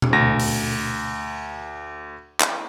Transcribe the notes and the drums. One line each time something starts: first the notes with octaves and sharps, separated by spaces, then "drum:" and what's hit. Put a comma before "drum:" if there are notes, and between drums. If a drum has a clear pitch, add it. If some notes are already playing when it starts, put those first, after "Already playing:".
drum: tom B2
D2 A#6
drum: open hi-hat
drum: clap